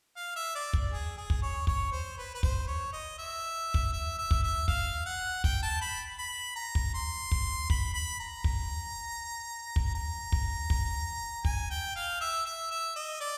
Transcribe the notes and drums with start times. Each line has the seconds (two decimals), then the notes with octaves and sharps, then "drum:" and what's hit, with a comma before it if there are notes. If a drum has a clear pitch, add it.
0.16 F5
0.36 E5
0.55 D5
0.73 drum: kick
0.92 G#4
1.17 G#4
1.30 drum: kick
1.43 C#5
1.67 C#5, drum: kick
1.92 C5
2.18 B4
2.35 B4
2.43 C5, drum: kick
2.68 C#5
2.93 D#5
3.18 E5
3.74 drum: kick
3.93 E5
4.18 E5
4.31 drum: kick
4.43 E5
4.68 F5, drum: kick
5.06 F#5
5.44 G5, drum: kick
5.63 A5
5.81 B5
6.18 B5
6.56 A#5
6.75 drum: kick
6.94 C6
7.32 drum: kick
7.70 B5, drum: kick
7.94 B5
8.20 A#5
8.44 drum: kick
9.76 drum: kick
9.95 A#5
10.32 drum: kick
10.70 drum: kick
11.45 G#5, drum: kick
11.71 G5
11.96 F5
12.21 E5
12.45 E5
12.71 E5
12.96 D#5
13.20 D5